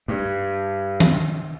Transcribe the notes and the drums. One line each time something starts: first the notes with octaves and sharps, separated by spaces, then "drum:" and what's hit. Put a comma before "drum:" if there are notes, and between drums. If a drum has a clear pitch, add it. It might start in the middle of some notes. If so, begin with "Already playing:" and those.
G2
drum: tom D#3